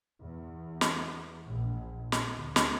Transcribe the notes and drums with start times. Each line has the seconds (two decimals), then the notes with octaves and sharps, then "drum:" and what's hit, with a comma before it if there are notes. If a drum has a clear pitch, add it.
0.18 E2
0.81 drum: snare
1.43 A#1
2.12 drum: snare
2.34 D2
2.56 drum: snare